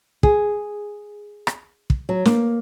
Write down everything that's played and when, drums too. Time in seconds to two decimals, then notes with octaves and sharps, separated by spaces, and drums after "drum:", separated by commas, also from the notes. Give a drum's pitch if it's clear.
0.23 G#4, drum: kick
1.47 drum: rim click
1.90 drum: kick
2.09 F#3
2.25 A#3, drum: snare